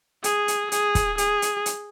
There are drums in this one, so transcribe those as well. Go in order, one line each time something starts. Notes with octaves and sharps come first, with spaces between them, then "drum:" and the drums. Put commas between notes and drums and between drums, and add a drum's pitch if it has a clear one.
G#4, drum: hi-hat
drum: hi-hat
G#4, drum: hi-hat
drum: kick, hi-hat
G#4, drum: hi-hat
drum: hi-hat
drum: hi-hat